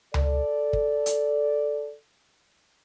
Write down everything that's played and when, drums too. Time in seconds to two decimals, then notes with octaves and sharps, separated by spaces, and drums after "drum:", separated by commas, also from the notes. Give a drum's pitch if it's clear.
0.14 A4 D5, drum: tom C#2
0.73 drum: kick
1.06 drum: hi-hat